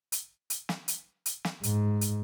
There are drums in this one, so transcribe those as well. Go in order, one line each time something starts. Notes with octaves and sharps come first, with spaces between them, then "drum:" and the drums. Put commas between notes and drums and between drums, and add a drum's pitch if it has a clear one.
drum: hi-hat
drum: hi-hat
drum: snare
drum: hi-hat
drum: hi-hat
drum: snare
G#2, drum: hi-hat
drum: hi-hat